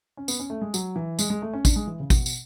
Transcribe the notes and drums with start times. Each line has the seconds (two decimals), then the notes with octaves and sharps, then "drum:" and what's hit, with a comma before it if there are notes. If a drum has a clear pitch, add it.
0.17 C#4
0.28 B3, drum: tambourine
0.40 C#4
0.50 A3
0.61 G#3
0.74 F#3, drum: tambourine
0.96 E3
1.19 G#3, drum: tambourine
1.30 G#3
1.42 A3
1.53 C#4
1.65 D4, drum: kick, tambourine
1.76 G#3
1.87 E3
2.00 C#3
2.10 B2, drum: kick, tambourine
2.26 drum: tambourine